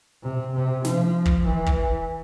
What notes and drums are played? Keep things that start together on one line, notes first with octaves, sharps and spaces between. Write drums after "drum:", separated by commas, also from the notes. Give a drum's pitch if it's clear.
C3
C3
F3, drum: snare
drum: kick
E3
drum: kick